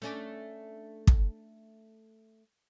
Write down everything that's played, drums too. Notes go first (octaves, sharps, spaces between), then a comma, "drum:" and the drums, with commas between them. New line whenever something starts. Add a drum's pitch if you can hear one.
A3 C#4 D4
drum: kick